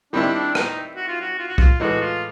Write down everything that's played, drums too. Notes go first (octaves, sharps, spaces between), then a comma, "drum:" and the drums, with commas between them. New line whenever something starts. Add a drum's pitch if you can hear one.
D#3 G3 C4 D4 E4
D4
D#4, drum: rim click
F#4
F4
F#4
F4
F#4
F4, drum: kick C2
A2 E3 G#3 F#4
F4